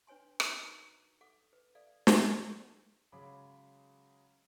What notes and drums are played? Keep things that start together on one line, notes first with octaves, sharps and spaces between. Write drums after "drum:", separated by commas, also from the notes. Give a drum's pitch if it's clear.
D4 B4 C#5 G#5 C6
D#4 F#4 A#4 B4 C6 C#6, drum: rim click
A#5
A4 F#5 D6
B4
A4 D5 F5
drum: snare
C#3 F#3 G#3 G#4 B5 D6